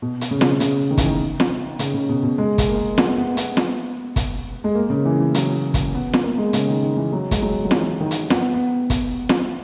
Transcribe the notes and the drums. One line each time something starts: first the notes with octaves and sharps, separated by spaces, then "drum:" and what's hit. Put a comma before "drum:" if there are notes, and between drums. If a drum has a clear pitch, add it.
B2
drum: hi-hat
C#3
drum: snare
C#3, drum: hi-hat
D#3
E3, drum: kick, hi-hat
D#3
drum: snare
C#3, drum: hi-hat
C#3
B2
B2
G#3
drum: kick, hi-hat
A#3
B3, drum: snare
B3
B3, drum: hi-hat
drum: snare
drum: kick, hi-hat
G#3
A#3
C#3
E3
E3
F#3, drum: hi-hat
drum: kick, hi-hat
B3
drum: snare
A#3
G#3
C#3, drum: hi-hat
D#3
D#3
E3
F#3
G#3, drum: kick, hi-hat
F#3
F#3
E3, drum: snare
D#3
drum: hi-hat
B3, drum: snare
B3
drum: kick, hi-hat
drum: snare